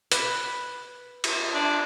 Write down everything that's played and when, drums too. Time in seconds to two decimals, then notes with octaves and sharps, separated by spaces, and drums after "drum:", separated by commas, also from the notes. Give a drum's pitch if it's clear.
0.12 B4, drum: hi-hat
1.24 drum: cymbal
1.54 D4